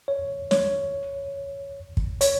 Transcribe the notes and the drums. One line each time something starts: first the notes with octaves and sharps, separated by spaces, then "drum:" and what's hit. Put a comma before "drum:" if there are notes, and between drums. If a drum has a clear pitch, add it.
C#5
C#5, drum: snare
drum: kick
C#5, drum: hi-hat